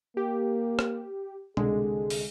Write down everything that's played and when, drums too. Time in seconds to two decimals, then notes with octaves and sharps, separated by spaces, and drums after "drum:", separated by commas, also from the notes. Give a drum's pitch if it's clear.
0.17 A#3 G4
0.79 drum: rim click
1.57 C2 D3 G#3 G#4, drum: tom B2
2.10 drum: open hi-hat